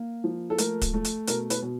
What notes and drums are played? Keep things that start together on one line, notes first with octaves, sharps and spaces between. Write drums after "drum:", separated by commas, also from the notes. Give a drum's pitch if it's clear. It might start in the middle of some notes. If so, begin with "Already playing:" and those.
Already playing: A#3
F3
A4
A3 A#4, drum: hi-hat
drum: kick, hi-hat
A3
drum: hi-hat
B2 A#4, drum: hi-hat
B4, drum: hi-hat
B2